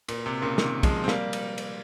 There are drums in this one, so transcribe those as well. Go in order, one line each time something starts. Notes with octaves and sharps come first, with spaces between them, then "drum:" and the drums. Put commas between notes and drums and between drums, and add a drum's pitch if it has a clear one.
A#2, drum: cymbal
C3
A#2 C#3
C3 D#3, drum: snare
F3 G#3, drum: kick, cymbal
C4
G3 A#3, drum: snare
drum: cymbal
drum: cymbal